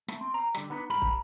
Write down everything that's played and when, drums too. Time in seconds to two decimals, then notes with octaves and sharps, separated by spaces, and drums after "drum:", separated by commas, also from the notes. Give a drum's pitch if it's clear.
0.08 A3, drum: rim click
0.21 C4
0.34 C5 A#5
0.54 D3 G3, drum: rim click
0.70 B3 D4 D#4 A4 B4
0.90 G#2 G3 G4 A#4 B5
1.02 drum: kick